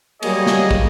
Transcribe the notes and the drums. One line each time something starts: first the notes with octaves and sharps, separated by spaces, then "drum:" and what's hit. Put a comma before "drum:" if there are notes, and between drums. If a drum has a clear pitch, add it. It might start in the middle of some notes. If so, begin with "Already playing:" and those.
F#3 G3 A#3 G#4 C#5 D#5, drum: cymbal
drum: snare
drum: kick